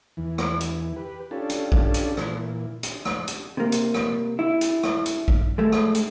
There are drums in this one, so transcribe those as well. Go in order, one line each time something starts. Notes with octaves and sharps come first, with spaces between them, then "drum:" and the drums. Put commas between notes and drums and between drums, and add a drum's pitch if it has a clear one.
E2 E3
drum: rim click
drum: hi-hat
G4 B4
C#4 D4 F4 G4 A4
drum: hi-hat
drum: kick A#1
drum: hi-hat
A#2 E3, drum: rim click
drum: hi-hat
drum: rim click
drum: hi-hat
C3 A#3
drum: hi-hat
drum: rim click
E4
drum: hi-hat
drum: rim click
drum: hi-hat
drum: kick A#1
G#3 A3
drum: rim click
drum: hi-hat